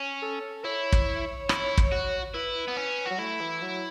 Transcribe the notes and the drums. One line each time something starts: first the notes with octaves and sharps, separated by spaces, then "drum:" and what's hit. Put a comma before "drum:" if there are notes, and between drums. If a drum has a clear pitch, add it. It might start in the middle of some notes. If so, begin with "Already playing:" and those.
Already playing: C#4
A4
E4 C#5
drum: kick
E4, drum: rim click
drum: kick
F#4
E4 B4
B3
C#4
F#3 F#4
A3 E4
E3
F#3